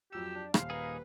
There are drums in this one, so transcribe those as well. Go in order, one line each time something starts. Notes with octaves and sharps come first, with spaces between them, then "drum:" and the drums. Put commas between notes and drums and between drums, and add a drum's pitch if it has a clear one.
F2 F#3 G4 E6 E7
D4
D#1 C5 F5 C7, drum: rim click
A#3 D#4 G#4 B4